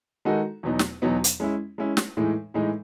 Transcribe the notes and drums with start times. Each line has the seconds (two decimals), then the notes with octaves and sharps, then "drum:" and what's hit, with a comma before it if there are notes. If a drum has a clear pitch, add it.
0.25 D#3 G#3 D#4 F#4 A4
0.63 E2 B2 F#3 B3 D#4
0.79 drum: snare
1.02 E2 B2 F#3 B3 D#4
1.24 drum: hi-hat
1.40 G#3 C#4 E4
1.78 G#3 C#4 E4
1.97 drum: snare
2.17 A2 E3 G#3 D#4
2.54 A2 E3 G#3 D#4